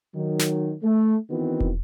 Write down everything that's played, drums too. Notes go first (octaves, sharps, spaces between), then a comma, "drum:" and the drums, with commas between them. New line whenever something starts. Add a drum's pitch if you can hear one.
D#3 F#3
drum: snare
A3
D#3 E3 B3 C4 F#4 B4
drum: kick